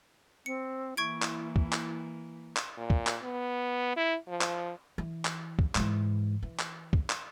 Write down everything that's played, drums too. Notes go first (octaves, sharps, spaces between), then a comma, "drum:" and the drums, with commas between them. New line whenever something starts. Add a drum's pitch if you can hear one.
C4 C#7
E3 A#3 E4 C#6 G#6 D7
drum: clap
drum: kick
drum: clap
drum: clap
A#2
drum: kick
drum: clap
B3
E4
F3
drum: clap
E3
drum: clap
drum: kick
G#2 E3, drum: clap
E3
drum: clap
drum: kick
drum: clap